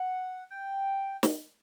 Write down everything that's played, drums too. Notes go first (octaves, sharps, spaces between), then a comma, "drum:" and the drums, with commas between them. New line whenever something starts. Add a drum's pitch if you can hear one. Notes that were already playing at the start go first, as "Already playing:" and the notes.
Already playing: F#5
G5
drum: snare